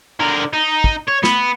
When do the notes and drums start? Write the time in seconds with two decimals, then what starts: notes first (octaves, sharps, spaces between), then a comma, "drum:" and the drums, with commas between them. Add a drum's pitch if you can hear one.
0.20 D3 A#4
0.53 D#4
0.84 drum: kick
1.08 C#5
1.24 B3, drum: snare